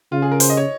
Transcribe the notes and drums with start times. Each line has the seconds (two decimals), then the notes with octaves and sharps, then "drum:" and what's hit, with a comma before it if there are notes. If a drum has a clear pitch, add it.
0.12 C#3 F4
0.22 G#4
0.32 A#4
0.40 C5, drum: open hi-hat
0.50 D#5
0.57 C#5